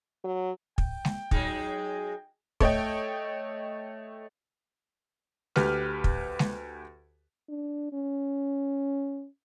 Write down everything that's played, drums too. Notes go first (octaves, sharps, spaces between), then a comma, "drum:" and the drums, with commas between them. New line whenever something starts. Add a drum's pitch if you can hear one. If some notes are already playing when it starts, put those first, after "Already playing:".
F#3
G5, drum: kick
drum: snare G#3
F#3 G#3 D#4, drum: kick
A3 C#5 D#5 G5, drum: kick
D2 G4 B4 F6, drum: snare G#3
drum: kick
drum: snare G#3
D4
C#4